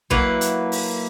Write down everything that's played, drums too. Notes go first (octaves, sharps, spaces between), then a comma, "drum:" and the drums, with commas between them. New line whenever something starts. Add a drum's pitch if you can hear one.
F#3 A#3 E4 B4, drum: kick
drum: hi-hat
drum: open hi-hat